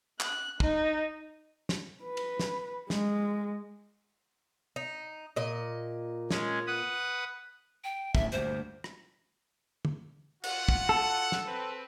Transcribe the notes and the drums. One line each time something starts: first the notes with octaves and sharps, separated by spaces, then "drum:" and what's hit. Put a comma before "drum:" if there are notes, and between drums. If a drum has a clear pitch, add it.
F#6, drum: clap
D#4, drum: kick
drum: snare
B4
drum: cymbal
drum: snare
G#3, drum: snare
D#4
A#2 D#5
G#3 C#4, drum: snare
B4 F#5 D#6
G5
D1 A1 D#2 E5, drum: kick
D2 G2 A#2 C5, drum: hi-hat
drum: rim click
drum: tom
F4 F#4 F#5, drum: cymbal
drum: kick
A4
drum: snare
C4 B4